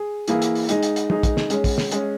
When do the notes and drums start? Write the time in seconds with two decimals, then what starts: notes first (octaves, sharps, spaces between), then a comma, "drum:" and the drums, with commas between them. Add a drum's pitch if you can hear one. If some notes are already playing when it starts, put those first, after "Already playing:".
Already playing: G#4
0.28 E3 A#3 E4 G#4, drum: hi-hat
0.42 drum: hi-hat
0.55 drum: open hi-hat
0.69 G#3 D#4 G#4, drum: hi-hat
0.83 drum: hi-hat
0.96 drum: hi-hat
1.10 G#3 D#4 G#4, drum: tom
1.23 drum: kick, hi-hat
1.37 drum: snare
1.50 G#3 C#4 G#4, drum: hi-hat
1.64 drum: kick, open hi-hat
1.78 drum: snare
1.91 G#3 C#4 G#4, drum: hi-hat